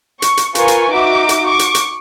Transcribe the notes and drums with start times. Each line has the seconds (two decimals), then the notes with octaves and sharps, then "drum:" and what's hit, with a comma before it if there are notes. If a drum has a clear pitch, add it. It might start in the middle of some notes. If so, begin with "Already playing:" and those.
0.22 C#6, drum: hi-hat
0.37 drum: hi-hat
0.55 F4 A#4 B4 G#5 C#6, drum: hi-hat
0.68 drum: hi-hat
0.92 D#4 F#4 E5 D6
1.29 drum: hi-hat
1.48 C#6 D6
1.59 drum: hi-hat
1.75 drum: hi-hat